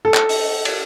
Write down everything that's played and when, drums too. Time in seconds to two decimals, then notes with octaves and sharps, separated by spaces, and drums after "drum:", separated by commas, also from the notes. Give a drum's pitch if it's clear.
0.05 A4
0.14 drum: clap
0.29 drum: open hi-hat
0.65 drum: cymbal